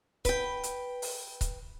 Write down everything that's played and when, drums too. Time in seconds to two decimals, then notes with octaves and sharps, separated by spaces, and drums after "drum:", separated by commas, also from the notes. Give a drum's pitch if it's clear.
0.25 B4 G5, drum: kick C#1, hi-hat
0.63 drum: hi-hat
1.02 drum: open hi-hat
1.41 drum: kick C#1, hi-hat